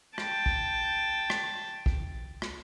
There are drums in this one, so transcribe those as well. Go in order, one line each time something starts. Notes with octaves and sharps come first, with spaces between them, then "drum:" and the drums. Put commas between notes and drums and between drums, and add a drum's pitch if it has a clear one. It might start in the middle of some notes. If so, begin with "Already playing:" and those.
G5 A5, drum: rim click
drum: kick
drum: rim click
drum: kick
drum: rim click